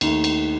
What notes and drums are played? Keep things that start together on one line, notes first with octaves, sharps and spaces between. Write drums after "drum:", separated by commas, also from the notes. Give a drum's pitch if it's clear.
D#2 D#3 A3, drum: cymbal
drum: cymbal